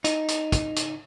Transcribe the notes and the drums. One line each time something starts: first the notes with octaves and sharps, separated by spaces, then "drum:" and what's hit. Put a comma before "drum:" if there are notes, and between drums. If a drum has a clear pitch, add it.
D#4, drum: hi-hat
drum: hi-hat
drum: kick, hi-hat
drum: hi-hat